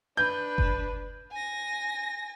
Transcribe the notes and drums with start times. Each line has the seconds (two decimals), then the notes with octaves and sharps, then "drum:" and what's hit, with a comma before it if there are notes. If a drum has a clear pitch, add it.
0.17 D4 B4 G6
0.58 drum: kick F#1
1.32 G#5 A#6